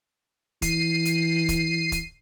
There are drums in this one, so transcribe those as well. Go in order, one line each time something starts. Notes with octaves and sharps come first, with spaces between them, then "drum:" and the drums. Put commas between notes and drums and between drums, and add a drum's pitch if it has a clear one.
E3 C7 D#7, drum: kick, hi-hat
drum: hi-hat
drum: kick, hi-hat
drum: kick, hi-hat